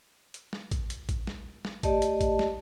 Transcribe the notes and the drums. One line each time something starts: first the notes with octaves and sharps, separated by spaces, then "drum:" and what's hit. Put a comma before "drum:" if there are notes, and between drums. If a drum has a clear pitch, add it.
drum: hi-hat
drum: snare
drum: kick, hi-hat
drum: hi-hat
drum: kick, hi-hat
drum: snare
drum: snare
A3 G4 D5 D#5 A5, drum: kick, hi-hat
drum: hi-hat
drum: kick, hi-hat
drum: snare